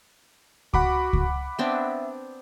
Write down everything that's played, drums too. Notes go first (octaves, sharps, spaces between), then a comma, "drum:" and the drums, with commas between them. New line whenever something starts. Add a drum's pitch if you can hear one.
F#4 F#5 B5 D6, drum: kick C#2
drum: kick C#2
B3 C4 D4 E5